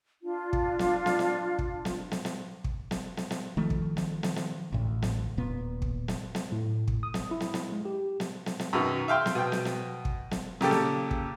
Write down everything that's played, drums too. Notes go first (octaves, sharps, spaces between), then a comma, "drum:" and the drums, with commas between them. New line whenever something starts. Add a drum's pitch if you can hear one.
D4 F4
drum: kick
drum: snare
drum: snare
drum: snare
drum: kick
drum: snare
drum: snare
drum: snare
drum: kick
drum: snare
drum: snare
drum: snare
D#3 F3 A3
drum: kick
drum: snare
drum: snare
drum: snare
A1 D2 A2
drum: snare
D#1 A#2 B3
drum: kick
drum: snare
drum: snare
A2
drum: kick
D#6
drum: snare
E4
drum: snare
drum: snare
G#3
G4
drum: snare
drum: snare
drum: snare
F#2 B2 D#3
E5 F5 G5 C6
drum: snare
B2 G5
drum: snare
drum: snare
drum: kick
drum: snare
A#2 C#3 G4 A4, drum: snare
drum: snare
drum: kick